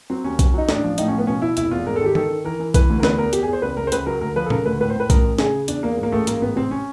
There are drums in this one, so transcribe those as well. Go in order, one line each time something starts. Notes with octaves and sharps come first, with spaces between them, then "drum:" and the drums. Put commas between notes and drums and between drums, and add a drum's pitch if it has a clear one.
F#3 C4
D#2 C#4
F#3, drum: kick B1, hi-hat
F#3 D#4
A1 D4, drum: snare
F3
A2 D#4, drum: hi-hat
C#4
F3
B3
B2 C#4
B2 E4
F1 E4, drum: hi-hat
E2 F4
G#2 A#4
A4
D#3 G4
D#3 A4, drum: tom D#3
D#3
E3 A#4
E3
E3 B4, drum: kick B1, hi-hat
D2
A#4
E2 B4, drum: snare
E2 A#4
E2 G4, drum: hi-hat
G#4
E2 C5
C#2 B4
C#2 A#4
C5
C#2 B4, drum: hi-hat
F#3 A#4
D2 A#4
F3 B4
A4
C#3 A#4, drum: tom A#2
D2 B4
A2 B4
C5
A2 B4
A1 A#4, drum: kick B1, hi-hat
A1
C#3 G#4, drum: snare
C#3
E2 D4, drum: hi-hat
E2 A#3
G#2
A#3
A1 A3
G#2 A#3, drum: hi-hat
A1 B3
C3 C4
C#4